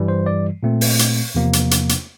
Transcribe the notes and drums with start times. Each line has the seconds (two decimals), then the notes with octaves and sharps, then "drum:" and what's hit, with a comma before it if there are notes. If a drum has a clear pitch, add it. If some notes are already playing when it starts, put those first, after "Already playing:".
Already playing: G2 E3 G3
0.08 C5
0.26 D5
0.63 A#2 A3 C4
0.81 drum: open hi-hat
0.99 drum: hi-hat
1.35 E2 C3 F3 A#3
1.53 drum: hi-hat
1.71 drum: hi-hat
1.89 drum: hi-hat